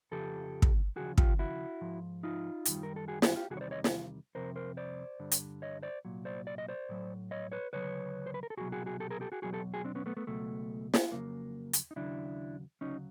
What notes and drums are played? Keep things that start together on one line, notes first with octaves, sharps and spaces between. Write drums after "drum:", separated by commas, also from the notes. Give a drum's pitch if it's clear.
F2 C#3 F3 G4 A4
drum: kick
D#2 C#3 F3 F#4 G#4
F4 G4, drum: kick
E4 F#4
G#2 F3
D#4 F4
F#2 D#3 G3, drum: hi-hat
A#4
A4
F#4 G#4
F#4 G#4, drum: snare
F4 G4
E2 C3 D#3 G3 F#4 G#4
C#5
C5 D5
C#5 D#5
drum: snare
F2 C3 F3 A#4 C5
A#4 C5
C5 D5
G2 D3 G3
drum: hi-hat
C#5 D#5
C5 D5
C2 A#2 F#3
C5 D5
D5
D#5
C5 D5
A2 F#3
C#5 D#5
B4 C#5
D2 C#3 F#3 B4 C#5
C5
B4
A#4
A4
C2 B2 F#3 F#4 G#4
F#4 G#4
F#4 G#4
G4 A4
G#4 A#4
G4 A4
F#4 G#4
E2 B2 F#3 F#4 G#4
G4 A4
F#4 G#4
C4 D4
B3 C#4
A3 B3
A3 B3
C#2 B2 F#3 A3
drum: snare
F2 C#3 F#3 A#3
drum: hi-hat
D#4
D#2 C#3 F#3 D4 E4
D2 C#3 F#3 C#4 D#4